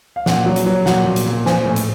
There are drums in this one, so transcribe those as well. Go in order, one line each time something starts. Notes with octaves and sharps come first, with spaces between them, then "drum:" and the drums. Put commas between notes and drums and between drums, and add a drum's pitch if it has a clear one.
F5
A#2 F#5, drum: snare
F#3
drum: hi-hat
F#3
A#2 F#5, drum: snare
A#2
drum: hi-hat
A#2
F3 G#5, drum: snare
A2
drum: hi-hat